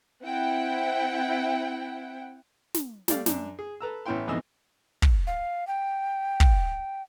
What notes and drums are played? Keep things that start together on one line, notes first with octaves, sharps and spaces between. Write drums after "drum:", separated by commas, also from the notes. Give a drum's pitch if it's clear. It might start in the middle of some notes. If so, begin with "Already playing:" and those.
C4 E4 F#5 G5
drum: snare
G3 A3 D5 F5, drum: snare
F#2 D4, drum: snare
G#4
A4 B4 A#5 E6
A1 B3 C#4 E4 G5 C6
F2 G#2 B2 E3 D#5 E6
drum: kick
F5
G5
drum: kick